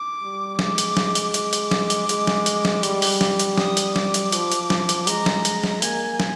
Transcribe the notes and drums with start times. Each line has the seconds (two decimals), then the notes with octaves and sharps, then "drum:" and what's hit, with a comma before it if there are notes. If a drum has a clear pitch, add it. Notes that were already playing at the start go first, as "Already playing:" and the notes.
Already playing: D6
0.22 G3
0.59 G#3 D6, drum: snare
0.78 drum: hi-hat
0.97 drum: snare
1.15 drum: hi-hat
1.34 D6, drum: hi-hat
1.53 drum: hi-hat
1.71 drum: snare
1.90 drum: hi-hat
2.09 G#3, drum: hi-hat
2.27 drum: snare
2.46 drum: hi-hat
2.65 drum: snare
2.83 G3, drum: hi-hat
3.02 drum: open hi-hat
3.21 drum: snare
3.39 drum: hi-hat
3.58 D#6, drum: snare
3.77 drum: hi-hat
3.96 D6, drum: snare
4.14 drum: hi-hat
4.32 F3, drum: hi-hat
4.52 drum: hi-hat
4.70 drum: snare
4.89 drum: hi-hat
5.07 G#3 A#5, drum: hi-hat
5.26 drum: snare
5.45 drum: hi-hat
5.64 drum: snare
5.82 A#3 G#5, drum: hi-hat
6.20 drum: snare